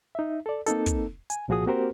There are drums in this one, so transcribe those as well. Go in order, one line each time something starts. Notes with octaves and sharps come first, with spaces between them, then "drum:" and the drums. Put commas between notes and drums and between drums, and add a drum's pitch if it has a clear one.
D#4 E5
A4 D5
A#3 C4 D#4 A4, drum: hi-hat
drum: kick, hi-hat
G#5, drum: hi-hat
C2 A#2 F3 F#4 G#4 D#6
A#3 C4 F#4 G4 A#4 C5